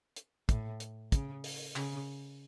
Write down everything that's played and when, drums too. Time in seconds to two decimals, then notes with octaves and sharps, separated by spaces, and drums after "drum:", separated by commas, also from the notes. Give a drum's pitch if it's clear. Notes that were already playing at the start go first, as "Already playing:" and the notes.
0.16 drum: hi-hat
0.49 A2, drum: kick, hi-hat
0.80 drum: hi-hat
1.12 C#3, drum: kick, hi-hat
1.44 drum: open hi-hat
1.76 C#3, drum: clap